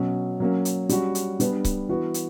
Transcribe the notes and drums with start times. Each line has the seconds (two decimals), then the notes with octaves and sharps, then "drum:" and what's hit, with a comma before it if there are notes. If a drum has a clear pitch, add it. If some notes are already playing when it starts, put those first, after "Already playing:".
Already playing: B2 F#3 C#4
0.40 F#3 A#3 C#4
0.65 drum: hi-hat
0.89 G3 C#4 F#4, drum: hi-hat
1.15 drum: hi-hat
1.40 G3 B3 D4, drum: hi-hat
1.65 drum: kick C#1, hi-hat
1.89 E3 B3 F#4
2.14 drum: hi-hat